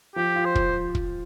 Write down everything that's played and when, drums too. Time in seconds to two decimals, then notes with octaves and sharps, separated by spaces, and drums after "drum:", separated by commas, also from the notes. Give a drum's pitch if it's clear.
0.16 F3 G4
0.36 F4
0.45 C5
0.55 F3, drum: kick
0.95 drum: kick